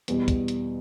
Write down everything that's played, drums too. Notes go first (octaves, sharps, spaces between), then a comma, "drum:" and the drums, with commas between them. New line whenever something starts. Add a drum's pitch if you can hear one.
E2 B2 G3, drum: hi-hat
drum: kick, hi-hat
drum: hi-hat